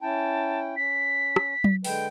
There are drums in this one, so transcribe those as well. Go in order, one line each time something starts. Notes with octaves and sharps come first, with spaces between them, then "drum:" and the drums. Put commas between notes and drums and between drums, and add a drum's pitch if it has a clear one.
C#4 E4 G5 A5
C#4 B6
drum: rim click
drum: tom F#3
D3 G#3 B4 G5, drum: open hi-hat